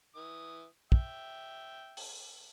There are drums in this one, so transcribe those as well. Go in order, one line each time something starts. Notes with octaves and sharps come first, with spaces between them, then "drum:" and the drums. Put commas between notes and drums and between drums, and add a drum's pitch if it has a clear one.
E3 D#6
E5 G5, drum: kick
drum: open hi-hat